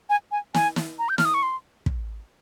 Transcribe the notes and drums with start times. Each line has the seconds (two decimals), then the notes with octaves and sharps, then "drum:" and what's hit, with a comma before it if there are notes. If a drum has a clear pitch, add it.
0.10 G#5
0.32 G#5
0.54 G#5, drum: snare
0.76 drum: snare
0.99 A#5
1.09 G6
1.18 F6, drum: snare
1.25 D#6
1.34 C#6
1.43 C6
1.86 drum: kick